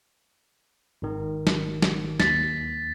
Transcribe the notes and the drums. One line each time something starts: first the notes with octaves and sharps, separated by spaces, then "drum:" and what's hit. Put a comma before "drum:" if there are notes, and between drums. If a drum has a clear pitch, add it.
G#1 D#3
drum: snare
drum: snare
D#2 A6 B6, drum: snare